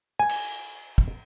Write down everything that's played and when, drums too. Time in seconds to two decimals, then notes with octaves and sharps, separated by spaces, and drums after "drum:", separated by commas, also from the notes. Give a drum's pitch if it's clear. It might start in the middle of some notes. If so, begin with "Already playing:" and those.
0.19 G#5
0.29 drum: cymbal
0.98 drum: kick